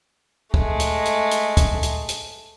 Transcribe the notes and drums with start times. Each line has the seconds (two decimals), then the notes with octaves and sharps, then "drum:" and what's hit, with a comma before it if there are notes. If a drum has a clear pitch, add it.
0.54 G#3 A3, drum: kick
0.80 drum: hi-hat
1.05 drum: hi-hat
1.31 drum: hi-hat
1.57 drum: kick, hi-hat
1.83 drum: hi-hat
2.09 drum: hi-hat